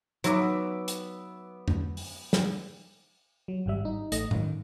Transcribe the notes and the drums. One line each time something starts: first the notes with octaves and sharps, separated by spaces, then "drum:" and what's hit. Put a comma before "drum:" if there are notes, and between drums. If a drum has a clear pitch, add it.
F#3 B3 D#4 E5 D6, drum: hi-hat
drum: hi-hat
drum: tom F2
drum: open hi-hat
drum: snare
F#3
G#1 G#2 G3 E5
D#4
A1 A3 D#5 A#6, drum: hi-hat
G#2 D#3, drum: tom A2